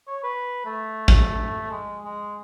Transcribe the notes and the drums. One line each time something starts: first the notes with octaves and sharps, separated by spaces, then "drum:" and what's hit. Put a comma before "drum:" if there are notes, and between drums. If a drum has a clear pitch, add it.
C#5
B4
A3
drum: kick A1
G#3
G#3